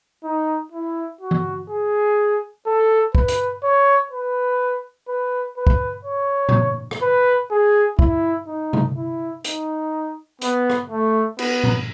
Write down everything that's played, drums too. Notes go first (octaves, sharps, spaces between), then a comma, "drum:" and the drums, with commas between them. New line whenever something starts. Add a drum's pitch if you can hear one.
D#4
E4
F#4
drum: tom E3
G#4
A4
B4, drum: kick
drum: hi-hat
C#5
B4
B4
B4
drum: kick
C#5
drum: tom A2
drum: rim click
B4
G#4
E4, drum: kick
D#4
drum: tom C3
E4
D#4, drum: hi-hat
B3, drum: hi-hat
drum: rim click
A3
B3, drum: cymbal
drum: tom A2